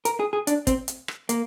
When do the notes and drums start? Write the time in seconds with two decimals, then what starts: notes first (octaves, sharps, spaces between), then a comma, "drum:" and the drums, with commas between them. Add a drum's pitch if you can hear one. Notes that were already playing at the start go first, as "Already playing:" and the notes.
0.05 A#4, drum: hi-hat
0.20 G#4
0.33 G#4
0.47 D4, drum: hi-hat
0.67 C4, drum: kick, hi-hat
0.88 drum: hi-hat
1.08 drum: rim click
1.29 A#3, drum: hi-hat